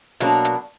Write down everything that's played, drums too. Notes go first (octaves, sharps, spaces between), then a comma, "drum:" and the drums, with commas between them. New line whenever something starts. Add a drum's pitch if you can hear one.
B2 F#3 A#3 D4, drum: hi-hat
drum: hi-hat